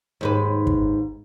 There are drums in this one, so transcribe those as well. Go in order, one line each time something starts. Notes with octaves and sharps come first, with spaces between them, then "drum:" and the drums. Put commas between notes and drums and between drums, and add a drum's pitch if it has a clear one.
D#2 G#2 B4
drum: kick